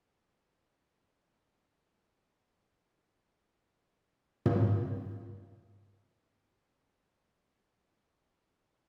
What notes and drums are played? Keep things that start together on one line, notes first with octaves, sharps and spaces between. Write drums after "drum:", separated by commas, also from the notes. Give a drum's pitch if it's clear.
G#1 A3 C4 F4 A#4
B4 E5
F3
D3 F#3 G#3 F#4 C#5 C#6
F#2 E4
drum: tom
C#4 A#4 D#5 E5
F3 C4
E3 F#4 A4 D#5
A3 D#4 B4
F4
E3
C#4
D4
F#2
G3